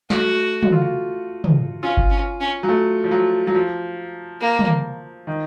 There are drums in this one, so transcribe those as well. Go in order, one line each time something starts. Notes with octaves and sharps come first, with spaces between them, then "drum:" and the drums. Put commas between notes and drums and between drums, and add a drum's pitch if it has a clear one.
A3 F#4, drum: snare
F#4, drum: tom
F4
F#4
drum: tom
C#4 F4
drum: kick G1
C#4
C#4
F#3
A3
F3
F#3
F#3
F3
A#3
drum: tom
D#3